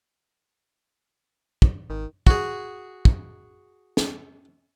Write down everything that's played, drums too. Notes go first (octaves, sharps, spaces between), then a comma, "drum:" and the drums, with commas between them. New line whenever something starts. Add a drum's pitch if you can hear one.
drum: kick
G#1 D#3
F#4 G#4, drum: kick
drum: kick
drum: snare